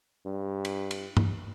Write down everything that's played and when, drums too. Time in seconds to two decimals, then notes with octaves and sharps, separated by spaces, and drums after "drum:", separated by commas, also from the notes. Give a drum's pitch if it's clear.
0.26 G2
0.65 drum: cymbal
0.91 drum: cymbal
1.17 drum: tom G2